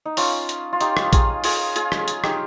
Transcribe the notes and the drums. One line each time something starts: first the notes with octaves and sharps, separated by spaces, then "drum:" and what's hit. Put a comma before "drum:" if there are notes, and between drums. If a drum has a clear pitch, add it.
D#4
C#4 F4, drum: open hi-hat
drum: hi-hat
F4
D#4 G4, drum: hi-hat
drum: rim click
F4 G#4, drum: kick, hi-hat
F4 G#4, drum: open hi-hat
F4 G#4, drum: hi-hat
drum: rim click
drum: hi-hat
D#4 G4, drum: rim click